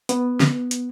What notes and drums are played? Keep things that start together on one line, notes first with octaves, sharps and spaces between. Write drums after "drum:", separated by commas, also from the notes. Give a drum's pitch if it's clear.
B3, drum: hi-hat
drum: snare
drum: hi-hat